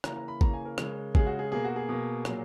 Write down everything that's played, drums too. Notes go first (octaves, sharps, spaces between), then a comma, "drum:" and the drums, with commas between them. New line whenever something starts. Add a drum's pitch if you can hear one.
C#3 E3 A#3 A#5, drum: rim click
A#5
B5
C#3 E3 A#3 A#5, drum: kick A1
G#5
A#4
C#3 G#3, drum: rim click
C#3 G#3 G#4, drum: kick A1
F#4
G#4
B2 A#3 G#4
F#4
G#4
B2 A#3
A#2 F#3 A#3, drum: rim click